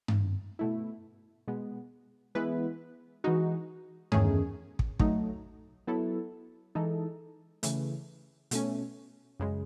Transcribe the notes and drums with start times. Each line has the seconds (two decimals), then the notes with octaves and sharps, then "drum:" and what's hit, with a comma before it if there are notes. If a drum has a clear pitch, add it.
0.08 drum: tom G2
0.59 B2 A3 E4
1.48 B2 G#3 B3
2.35 E3 G#3 B3 E4 B4
3.24 E3 G#3 D#4 F#4
4.12 E2 D#3 A3 C#4 G#4, drum: tom G2
4.79 drum: kick
4.99 F#3 A3 D#4, drum: kick
5.87 F#3 B3 E4 A4
6.75 E3 G#3 D#4 A4
7.63 C#3 E3 A3, drum: hi-hat
8.51 B2 A3 C#4, drum: hi-hat
9.40 F#2 C#3 G#3